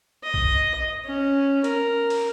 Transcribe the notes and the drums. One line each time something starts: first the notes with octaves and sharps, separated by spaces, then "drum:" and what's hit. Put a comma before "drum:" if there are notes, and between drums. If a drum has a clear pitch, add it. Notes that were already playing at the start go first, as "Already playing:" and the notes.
D#5
drum: kick A#1
C#4
A#4, drum: hi-hat
drum: open hi-hat